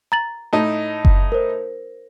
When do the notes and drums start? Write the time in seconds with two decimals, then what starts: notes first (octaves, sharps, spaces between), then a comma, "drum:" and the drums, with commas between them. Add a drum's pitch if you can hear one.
0.12 A#5 A6 F#7
0.53 A2 D#4 A5
1.05 drum: kick F#1
1.32 A#4 C5